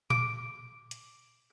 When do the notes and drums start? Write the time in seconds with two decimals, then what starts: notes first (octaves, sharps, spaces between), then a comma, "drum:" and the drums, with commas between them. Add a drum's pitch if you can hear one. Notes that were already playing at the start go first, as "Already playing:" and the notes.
0.10 D6, drum: tom A2
0.91 drum: hi-hat